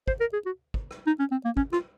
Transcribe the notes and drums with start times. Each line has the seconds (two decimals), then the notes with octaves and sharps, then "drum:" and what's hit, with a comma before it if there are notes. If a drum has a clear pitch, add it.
0.08 C5, drum: kick
0.20 A#4
0.33 G#4
0.46 F#4
0.74 drum: kick
0.91 drum: rim click
1.07 D#4
1.19 C#4
1.32 C4
1.45 A#3
1.57 C#4, drum: kick
1.73 F4, drum: rim click